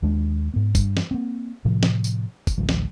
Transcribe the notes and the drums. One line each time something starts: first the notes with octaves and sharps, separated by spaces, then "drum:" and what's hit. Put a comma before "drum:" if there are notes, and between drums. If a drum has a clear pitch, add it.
D#2 G#3 D4
G#2 B3
G2, drum: kick, tambourine
drum: snare
A#3 C4
A2 C3 F3
drum: snare
drum: tambourine
drum: kick, tambourine
A1 D2 F#3
drum: snare